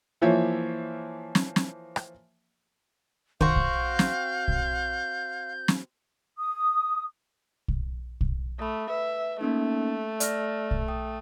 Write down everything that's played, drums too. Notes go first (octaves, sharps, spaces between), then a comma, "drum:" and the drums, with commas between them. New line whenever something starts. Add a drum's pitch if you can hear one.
E3 F3 A#3 C#5 E5
drum: snare
drum: snare
drum: rim click
D#3 C4 F#4 F5 G6, drum: kick
drum: kick
drum: snare
drum: kick
drum: snare
D#6
drum: kick
drum: kick
A3 B5 D#6
B4 E5
A3 A#3 C#4 D#4
D5 F6 A#6, drum: hi-hat
drum: kick
G5 D#6